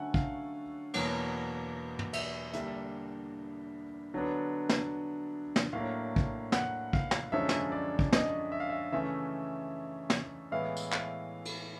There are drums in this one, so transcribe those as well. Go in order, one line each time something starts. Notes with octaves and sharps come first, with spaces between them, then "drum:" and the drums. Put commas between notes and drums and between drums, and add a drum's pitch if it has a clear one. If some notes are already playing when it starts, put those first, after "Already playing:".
Already playing: D3 F#3 A3 C#4 F#5 G#5
F5, drum: kick
E2 B2 F#3 A#3, drum: cymbal
drum: tom
E5, drum: cymbal
D3 G3 A#3 D4 E5, drum: hi-hat
D3 F#3 B3 D4
drum: snare
drum: snare
A2 F#3 A#3 D4 F5
drum: kick
F#5, drum: snare
F5, drum: kick
drum: snare
F#2 D3 F3 G#3 C#4 E5
drum: snare
D5
drum: kick
D#5, drum: snare
E5
F5
E5
C#3 E3 A3 C#4 E5
drum: snare
A2 E3 G#3 B3 E4 F5
drum: tambourine
F5, drum: clap
drum: cymbal